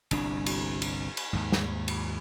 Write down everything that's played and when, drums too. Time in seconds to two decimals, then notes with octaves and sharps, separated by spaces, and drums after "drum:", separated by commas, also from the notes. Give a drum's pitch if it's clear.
0.11 G1 C2 D4, drum: cymbal
0.46 drum: cymbal
0.82 drum: cymbal
1.17 drum: cymbal
1.33 D#2 G#2
1.52 drum: snare
1.88 drum: cymbal